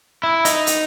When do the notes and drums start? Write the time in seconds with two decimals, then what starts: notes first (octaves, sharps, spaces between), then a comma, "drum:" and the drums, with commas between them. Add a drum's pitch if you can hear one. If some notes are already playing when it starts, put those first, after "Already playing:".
0.23 E4
0.45 D#4, drum: hi-hat
0.67 drum: hi-hat